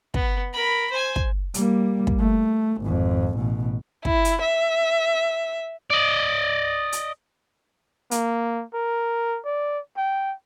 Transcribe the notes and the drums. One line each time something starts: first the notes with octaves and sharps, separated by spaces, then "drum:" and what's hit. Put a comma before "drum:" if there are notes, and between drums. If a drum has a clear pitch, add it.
B3, drum: kick
A#4 B5
C5 G#5
drum: kick
G3 A#3, drum: hi-hat
drum: kick
A3
G#1 F2
A1 B2
E4, drum: kick
drum: hi-hat
E5
D5 D#5
drum: hi-hat
A#3, drum: hi-hat
A#4
D5
G5